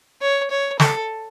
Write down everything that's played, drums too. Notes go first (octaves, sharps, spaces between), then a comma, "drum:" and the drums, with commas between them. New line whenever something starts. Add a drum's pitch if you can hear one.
C#5
C#5
A4, drum: snare